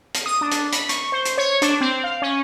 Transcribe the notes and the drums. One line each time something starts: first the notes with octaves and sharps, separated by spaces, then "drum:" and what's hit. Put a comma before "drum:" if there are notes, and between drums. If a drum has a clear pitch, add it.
drum: hi-hat
D#6
D4
drum: hi-hat
B5, drum: hi-hat
C#6, drum: hi-hat
C5
drum: hi-hat
C#5
D4, drum: hi-hat
C4
F5
C#4